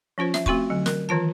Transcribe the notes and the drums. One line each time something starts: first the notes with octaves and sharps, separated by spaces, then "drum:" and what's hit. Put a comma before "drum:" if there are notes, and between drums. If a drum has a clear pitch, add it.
F3 C#4 F4 C5
E5, drum: snare
A3 C4 F#4 C6 C#6, drum: kick
D3 F#3
A#4, drum: snare
D#3 E3 F4 A5